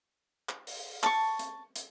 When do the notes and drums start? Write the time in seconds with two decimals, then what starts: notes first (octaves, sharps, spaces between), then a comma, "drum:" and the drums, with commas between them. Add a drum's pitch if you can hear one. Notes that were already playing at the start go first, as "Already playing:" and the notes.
0.49 drum: clap
0.67 drum: open hi-hat
1.03 A5 C#6, drum: clap
1.39 drum: hi-hat
1.76 drum: hi-hat